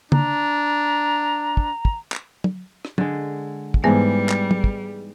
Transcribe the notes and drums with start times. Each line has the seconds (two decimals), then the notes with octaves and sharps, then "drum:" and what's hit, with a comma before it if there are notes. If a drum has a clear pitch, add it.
0.12 D4 A#5, drum: tom C#3
1.57 drum: kick
1.85 drum: kick
2.12 drum: clap
2.44 drum: tom
2.85 drum: rim click
2.98 D3 G#3, drum: tom
3.74 drum: kick
3.84 G#2 E3 G3 G#3 B3 G#5
4.29 drum: clap
4.51 drum: tom
4.64 drum: kick